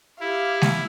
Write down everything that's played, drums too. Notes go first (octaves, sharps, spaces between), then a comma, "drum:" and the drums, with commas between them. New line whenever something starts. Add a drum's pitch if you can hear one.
E4 G4 F5
drum: snare G#3